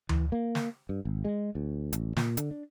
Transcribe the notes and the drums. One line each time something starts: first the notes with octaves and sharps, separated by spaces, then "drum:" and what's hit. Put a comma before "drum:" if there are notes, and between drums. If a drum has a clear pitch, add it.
E3, drum: tom D2
A#3
drum: snare
G2
G#1
G#3
D2
A1, drum: hi-hat
A#2, drum: snare
D3, drum: hi-hat
D4